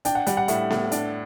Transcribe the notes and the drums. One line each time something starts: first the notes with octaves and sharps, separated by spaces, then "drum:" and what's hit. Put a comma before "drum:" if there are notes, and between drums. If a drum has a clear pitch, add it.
D4 G5, drum: hi-hat
F#5
G3 F#5, drum: hi-hat
F#5
A2 E5, drum: hi-hat
A2, drum: snare B3
D4, drum: hi-hat